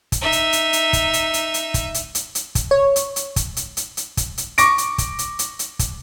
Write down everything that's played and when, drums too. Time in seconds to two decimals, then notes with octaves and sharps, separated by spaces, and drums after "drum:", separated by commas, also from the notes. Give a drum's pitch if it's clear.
0.12 drum: kick, hi-hat
0.21 D#4 E5
0.32 drum: hi-hat
0.53 drum: hi-hat
0.73 drum: hi-hat
0.93 drum: kick, hi-hat
1.13 drum: hi-hat
1.34 drum: hi-hat
1.54 drum: hi-hat
1.74 drum: kick, hi-hat
1.94 drum: hi-hat
2.15 drum: hi-hat
2.35 drum: hi-hat
2.55 drum: kick, hi-hat
2.71 C#5
2.96 drum: hi-hat
3.16 drum: hi-hat
3.36 drum: kick, hi-hat
3.56 drum: hi-hat
3.77 drum: hi-hat
3.97 drum: hi-hat
4.17 drum: kick, hi-hat
4.38 drum: hi-hat
4.58 C#6 D6 A#6 D7, drum: hi-hat
4.78 drum: hi-hat
4.98 drum: kick, hi-hat
5.19 drum: hi-hat
5.39 drum: hi-hat
5.59 drum: hi-hat
5.79 drum: kick, hi-hat